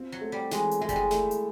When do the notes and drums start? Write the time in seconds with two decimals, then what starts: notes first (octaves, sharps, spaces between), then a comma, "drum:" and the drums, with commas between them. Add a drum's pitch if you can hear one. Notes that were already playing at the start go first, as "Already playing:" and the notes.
Already playing: C4 F4
0.12 F#3
0.21 A3
0.32 G3
0.51 E3 G#3, drum: snare
0.71 drum: hi-hat
0.81 G#3 E4
0.89 G3, drum: kick F#1, hi-hat
0.96 G#3
1.11 A3, drum: snare
1.31 drum: hi-hat